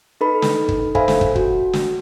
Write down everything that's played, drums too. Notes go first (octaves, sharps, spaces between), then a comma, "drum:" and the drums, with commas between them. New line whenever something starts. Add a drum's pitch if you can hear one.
D#4 A4 B4 B5
drum: snare
drum: kick
A4 C5 E5 F5 G#5 B5, drum: kick
drum: snare
drum: kick
F#4, drum: kick
drum: snare